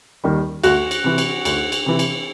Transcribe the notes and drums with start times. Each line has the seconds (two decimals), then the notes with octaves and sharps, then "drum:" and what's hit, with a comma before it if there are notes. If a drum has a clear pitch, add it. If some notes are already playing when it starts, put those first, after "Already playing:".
0.24 D#2 D#3 G3
0.64 D2 F#4, drum: cymbal
0.91 drum: cymbal
1.04 C3 E3
1.18 drum: cymbal
1.45 D2, drum: cymbal
1.72 drum: cymbal
1.86 C3 E3
1.99 drum: cymbal